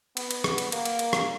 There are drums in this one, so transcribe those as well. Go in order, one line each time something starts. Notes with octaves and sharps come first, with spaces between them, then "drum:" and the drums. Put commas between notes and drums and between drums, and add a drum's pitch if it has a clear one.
B3, drum: cymbal
drum: cymbal
drum: rim click
drum: cymbal
A#3, drum: cymbal
drum: cymbal
drum: cymbal
drum: rim click